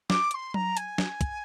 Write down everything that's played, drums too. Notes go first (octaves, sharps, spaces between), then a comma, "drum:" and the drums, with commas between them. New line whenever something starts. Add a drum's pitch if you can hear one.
D6, drum: snare
D6, drum: hi-hat
C6
A#5, drum: tom F#3
G#5, drum: hi-hat
drum: snare
drum: kick, hi-hat